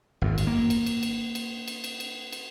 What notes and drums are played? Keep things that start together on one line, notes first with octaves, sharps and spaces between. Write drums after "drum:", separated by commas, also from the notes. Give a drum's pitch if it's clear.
G#1 F#2
drum: cymbal
A#3
drum: cymbal
drum: cymbal
drum: cymbal
drum: cymbal
drum: cymbal
drum: cymbal
drum: cymbal
drum: cymbal